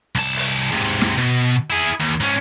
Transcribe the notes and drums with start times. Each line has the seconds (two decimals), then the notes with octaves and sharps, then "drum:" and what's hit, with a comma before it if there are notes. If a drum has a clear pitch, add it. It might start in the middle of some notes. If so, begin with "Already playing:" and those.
0.15 C2 A5
0.37 drum: open hi-hat
0.72 G#2 C3
1.01 drum: snare
1.18 B2
1.70 E4 G#4
2.00 D#2
2.20 G#2 C#4